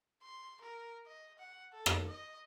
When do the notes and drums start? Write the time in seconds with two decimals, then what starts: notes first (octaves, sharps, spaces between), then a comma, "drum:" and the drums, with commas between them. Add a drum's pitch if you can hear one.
0.22 C6
0.61 A#4
1.07 D#5
1.39 F#5
1.73 A4
1.86 drum: rim click
2.07 D#5